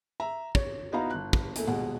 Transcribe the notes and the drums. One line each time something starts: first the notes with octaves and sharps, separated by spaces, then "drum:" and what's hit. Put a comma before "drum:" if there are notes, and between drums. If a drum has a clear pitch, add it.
E5 A#5
C#5, drum: kick
B3 D#4 E4 F#4 F5 A#5
G1 F#6
drum: kick
E2 A3, drum: hi-hat
D#1 B2 G#3 F#5